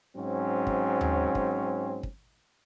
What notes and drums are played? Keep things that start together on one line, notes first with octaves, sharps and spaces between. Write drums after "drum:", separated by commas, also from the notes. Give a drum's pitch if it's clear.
G#2 F#3 C4 C#4
drum: kick
drum: tom D#2
drum: kick
drum: kick